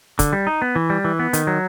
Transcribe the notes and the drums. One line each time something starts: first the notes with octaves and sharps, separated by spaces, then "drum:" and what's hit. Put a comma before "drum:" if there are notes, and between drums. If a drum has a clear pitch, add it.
D3, drum: kick, hi-hat
G3
D#4
B3
E3
G3
E3
B3
D#3, drum: hi-hat
F#3